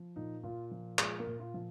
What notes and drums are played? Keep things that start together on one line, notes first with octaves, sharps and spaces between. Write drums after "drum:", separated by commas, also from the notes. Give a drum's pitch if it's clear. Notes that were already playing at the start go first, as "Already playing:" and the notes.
Already playing: F3
A#2 D#4
A#2 F4
F3
A#2 G#3 G#4, drum: clap
A#3 A#4
A#2
F4
F3